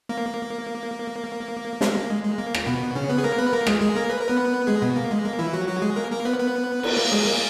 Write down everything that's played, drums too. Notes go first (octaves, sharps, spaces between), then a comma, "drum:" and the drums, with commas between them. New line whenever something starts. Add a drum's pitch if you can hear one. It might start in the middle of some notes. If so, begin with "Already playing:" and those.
A#3
G#3, drum: snare
A#3
G#3
G#3
A#3
drum: rim click
B2 B3
C#3 C#4
B3 B4
G#4
A#3 A#4
B3 B4
A#3 A#4
G#3 G#4, drum: rim click
G#3 G#4
A#3 A#4
B4
A#4
B3 B4
G#3 G#4
B2 B3
A#3
G#3
A#3
E3 E4
F#3 F#4
F#3 F#4
G#3 G#4
A#3 A#4
A#3 A#4
B3 B4
B3 B4
drum: cymbal
A#3 A#4
G#3 G#4
A#3 A#4